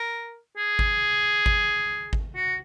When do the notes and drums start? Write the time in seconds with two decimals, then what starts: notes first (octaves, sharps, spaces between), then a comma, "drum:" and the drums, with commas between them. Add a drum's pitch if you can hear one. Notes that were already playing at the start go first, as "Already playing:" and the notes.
Already playing: A#4
0.57 G#4
0.79 drum: kick G#1
1.46 drum: kick G#1
2.13 drum: kick G#1
2.35 F#4